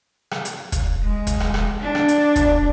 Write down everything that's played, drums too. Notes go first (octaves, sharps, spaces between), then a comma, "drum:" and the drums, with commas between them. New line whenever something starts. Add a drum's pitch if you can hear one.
drum: rim click
drum: hi-hat
drum: kick, hi-hat
G#3
drum: kick, hi-hat
drum: rim click
drum: rim click
D4
drum: rim click
drum: hi-hat
drum: kick, hi-hat